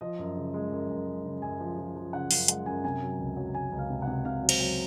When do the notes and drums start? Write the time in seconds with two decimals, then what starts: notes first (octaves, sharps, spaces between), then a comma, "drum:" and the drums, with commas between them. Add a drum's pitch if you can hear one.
0.01 F3 D#5
0.19 F#2
0.36 C#3
0.54 G#3
0.72 F#2
0.90 F#2
1.07 G#3
1.25 C#3
1.42 F#2 G#5
1.60 F3
1.78 F3
1.96 F3
2.13 C#3 F#5
2.31 F#2 F5, drum: open hi-hat
2.48 G#3 F#5, drum: hi-hat
2.66 F#2 G#5
2.84 C3 G#5
3.02 F#3
3.19 C#2
3.36 F#3
3.54 C#2 G#5
3.72 C#2
3.78 F5
3.90 C3
4.02 F#5
4.07 C3
4.25 C3 F5
4.43 F#3
4.49 C5, drum: cymbal
4.60 F#3